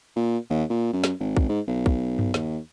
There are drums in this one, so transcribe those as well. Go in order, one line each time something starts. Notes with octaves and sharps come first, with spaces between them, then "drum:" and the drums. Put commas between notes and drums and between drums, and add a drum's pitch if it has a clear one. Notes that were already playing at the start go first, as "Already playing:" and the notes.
A#2
D#2
A#2
F#2
drum: snare
G#1
drum: kick
G#2
B1
drum: kick
drum: tom G2
D#2, drum: snare